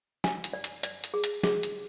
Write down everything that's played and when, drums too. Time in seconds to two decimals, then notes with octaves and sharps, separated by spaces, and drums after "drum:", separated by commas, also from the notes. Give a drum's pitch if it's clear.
0.24 G#5, drum: snare
0.44 drum: hi-hat
0.53 D5
0.64 drum: hi-hat
0.83 D5, drum: hi-hat
1.04 drum: hi-hat
1.14 G#4
1.24 drum: hi-hat
1.43 G#4, drum: snare
1.63 drum: hi-hat